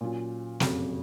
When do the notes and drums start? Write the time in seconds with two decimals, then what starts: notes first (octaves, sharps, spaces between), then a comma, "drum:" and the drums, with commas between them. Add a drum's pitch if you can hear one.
0.01 A#2 F#3 C#4 F4
0.60 F#1 F2 C3 F#3, drum: snare